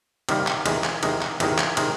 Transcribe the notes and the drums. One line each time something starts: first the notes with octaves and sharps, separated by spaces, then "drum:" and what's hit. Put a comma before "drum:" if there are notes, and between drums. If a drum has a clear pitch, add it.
C3 D#3 G3 A#3, drum: cymbal
drum: clap
E2 C3 D#3 G#3, drum: cymbal
drum: clap
E2 C3 D#3 G#3, drum: cymbal
drum: clap
E2 C3 D#3 G#3, drum: cymbal
drum: clap
C3 D#3 G#3, drum: cymbal